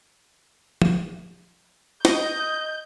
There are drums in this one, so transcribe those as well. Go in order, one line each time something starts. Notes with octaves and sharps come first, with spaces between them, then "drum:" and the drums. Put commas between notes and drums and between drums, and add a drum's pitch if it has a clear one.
drum: tom
D#5 G6, drum: snare